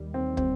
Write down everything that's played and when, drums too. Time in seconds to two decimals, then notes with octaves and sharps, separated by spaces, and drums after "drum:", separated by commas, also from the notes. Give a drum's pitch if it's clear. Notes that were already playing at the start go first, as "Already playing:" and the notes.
Already playing: D#2 D#3 G3
0.14 C4
0.37 C4, drum: kick